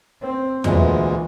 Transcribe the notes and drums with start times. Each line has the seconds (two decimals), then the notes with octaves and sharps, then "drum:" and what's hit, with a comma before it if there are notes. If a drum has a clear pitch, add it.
0.21 C4
0.64 D2 A#2 E3 G#3, drum: tom E2